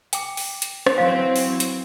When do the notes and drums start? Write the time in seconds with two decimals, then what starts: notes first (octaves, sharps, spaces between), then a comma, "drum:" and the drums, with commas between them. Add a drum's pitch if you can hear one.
0.13 G5 D6, drum: hi-hat
0.37 drum: open hi-hat
0.62 drum: hi-hat
0.86 drum: rim click
0.97 E3 F#3 C4 C5 C#5 F5
1.36 drum: open hi-hat
1.60 drum: hi-hat